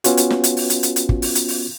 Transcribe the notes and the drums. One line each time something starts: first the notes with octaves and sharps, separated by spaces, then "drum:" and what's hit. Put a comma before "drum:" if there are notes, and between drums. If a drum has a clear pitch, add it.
B3 C#4 F4 F#4, drum: hi-hat
drum: hi-hat
drum: snare
drum: hi-hat
drum: open hi-hat
drum: hi-hat
drum: hi-hat
drum: hi-hat
drum: kick
drum: open hi-hat
drum: hi-hat
drum: open hi-hat